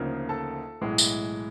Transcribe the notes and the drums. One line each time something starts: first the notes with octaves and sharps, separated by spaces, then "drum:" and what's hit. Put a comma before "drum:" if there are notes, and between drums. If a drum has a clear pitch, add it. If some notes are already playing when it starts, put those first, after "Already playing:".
Already playing: D2 C#3 F3 A#3 D#4
A4 A5
B1 A2 E3 G#3
drum: tambourine